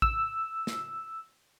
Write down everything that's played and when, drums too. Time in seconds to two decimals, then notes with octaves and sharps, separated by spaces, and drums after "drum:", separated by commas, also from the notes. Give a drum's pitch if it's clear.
0.02 E6, drum: kick
0.67 drum: snare